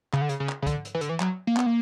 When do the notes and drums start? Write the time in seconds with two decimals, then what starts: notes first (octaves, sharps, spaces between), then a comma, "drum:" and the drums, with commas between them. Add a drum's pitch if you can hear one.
0.13 C#3, drum: clap
0.21 D3
0.29 C#3, drum: hi-hat
0.40 C#3
0.49 drum: clap
0.62 C#3
0.66 D3, drum: kick, hi-hat
0.85 drum: hi-hat
0.95 E3
1.01 D3, drum: hi-hat
1.09 E3
1.20 F#3, drum: clap
1.47 A#3
1.57 B3, drum: clap
1.66 A#3